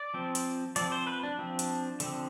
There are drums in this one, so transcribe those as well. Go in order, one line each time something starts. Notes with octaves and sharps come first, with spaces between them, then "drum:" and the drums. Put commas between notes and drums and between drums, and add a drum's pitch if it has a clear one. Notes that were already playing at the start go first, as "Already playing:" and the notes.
Already playing: D5
F3 C4
drum: hi-hat
F3 C4 D5, drum: hi-hat
C5
B4
D4
F3 C4
drum: hi-hat
D3 F3 C4, drum: hi-hat